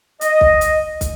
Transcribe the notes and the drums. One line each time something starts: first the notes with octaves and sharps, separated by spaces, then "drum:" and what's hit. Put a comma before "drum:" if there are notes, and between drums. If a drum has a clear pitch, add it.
D#5, drum: hi-hat
drum: kick
drum: hi-hat
drum: kick, hi-hat